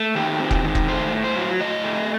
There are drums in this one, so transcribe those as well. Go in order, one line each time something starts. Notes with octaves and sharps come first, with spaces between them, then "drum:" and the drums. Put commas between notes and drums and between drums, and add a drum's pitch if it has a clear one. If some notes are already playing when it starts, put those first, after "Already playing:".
Already playing: A3
D#3 G4
C4
drum: kick
D#3
drum: kick
A3 C5
A2
C5
F#3
A2 D#5
A3